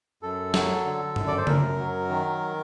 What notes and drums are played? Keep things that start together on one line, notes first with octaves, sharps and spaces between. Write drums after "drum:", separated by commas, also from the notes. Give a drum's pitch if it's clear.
F#2 A4
F#3, drum: snare
D3
F#2, drum: tom G2
D5
C5
F#2 A#4, drum: tom C#3
F#3
D#3